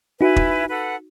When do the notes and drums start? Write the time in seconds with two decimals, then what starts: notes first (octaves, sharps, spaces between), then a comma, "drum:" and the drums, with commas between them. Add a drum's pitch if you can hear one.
0.21 D#4 E4 F#4 B4 G#5
0.36 drum: kick
0.69 A4 B4 F#5